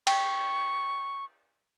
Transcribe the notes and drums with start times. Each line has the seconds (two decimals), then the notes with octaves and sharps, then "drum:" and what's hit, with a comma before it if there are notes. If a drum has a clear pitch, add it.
0.07 G5 C#6, drum: cymbal